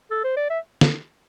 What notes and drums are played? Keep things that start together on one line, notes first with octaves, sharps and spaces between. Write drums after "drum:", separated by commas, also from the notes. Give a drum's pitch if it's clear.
A4
C5
D5
E5
drum: snare